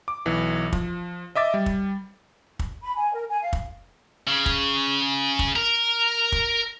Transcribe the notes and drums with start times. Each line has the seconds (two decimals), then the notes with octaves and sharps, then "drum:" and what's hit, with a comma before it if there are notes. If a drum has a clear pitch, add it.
0.08 D6
0.26 B1 E3
0.73 F3, drum: kick
1.35 D#5 E5 D6 A6
1.54 G3
1.66 drum: kick
2.59 drum: kick
2.83 B5
2.97 G#5
3.14 A#4
3.30 G#5
3.42 F5
3.53 drum: kick
4.28 C#3
4.46 drum: kick
5.39 drum: kick
5.56 A#4
6.32 drum: kick